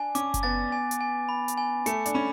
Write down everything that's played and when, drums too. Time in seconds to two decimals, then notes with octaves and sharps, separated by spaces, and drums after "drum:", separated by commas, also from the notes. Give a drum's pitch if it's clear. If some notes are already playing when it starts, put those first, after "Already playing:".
Already playing: D4 G#5
0.15 C#4 D6, drum: hi-hat
0.34 drum: kick F#1, hi-hat
0.43 B3 A6
0.72 G#5
0.91 drum: hi-hat
1.01 G#5
1.29 B5
1.48 drum: hi-hat
1.58 G#5
1.86 A3 C#7, drum: hi-hat
2.06 D4, drum: hi-hat
2.14 C#4 B5